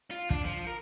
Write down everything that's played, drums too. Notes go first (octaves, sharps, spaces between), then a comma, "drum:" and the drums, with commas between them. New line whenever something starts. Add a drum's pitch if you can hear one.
F4
D4, drum: kick
F3
A#4